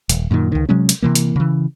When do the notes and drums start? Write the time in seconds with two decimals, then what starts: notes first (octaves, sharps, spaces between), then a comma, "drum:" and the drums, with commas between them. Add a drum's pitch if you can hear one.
0.09 D#1, drum: hi-hat
0.31 F#2 A#2 D3 D#3
0.52 C#2 D#3
0.69 C3 F#3 G#3 C#4
0.89 drum: hi-hat
1.02 C3 E3 A#3
1.15 drum: hi-hat
1.36 C#3 E3